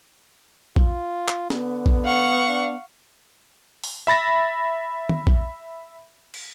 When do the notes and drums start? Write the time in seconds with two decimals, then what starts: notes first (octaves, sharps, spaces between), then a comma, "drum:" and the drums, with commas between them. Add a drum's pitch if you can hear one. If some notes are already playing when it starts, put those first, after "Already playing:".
0.76 F4, drum: kick A#1
1.28 drum: clap
1.50 D3 B3, drum: snare
1.86 drum: kick A#1
2.04 F5 F#5 C#6
2.49 D4
3.84 drum: open hi-hat
4.07 E5 B5 A6 A#6
5.09 drum: tom
5.27 drum: kick A#1
6.34 drum: cymbal